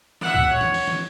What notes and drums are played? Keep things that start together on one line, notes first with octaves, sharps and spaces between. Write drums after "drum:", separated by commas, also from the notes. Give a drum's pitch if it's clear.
E5 F#5, drum: snare
drum: kick
C#5, drum: tom A#2
drum: snare
drum: open hi-hat
drum: snare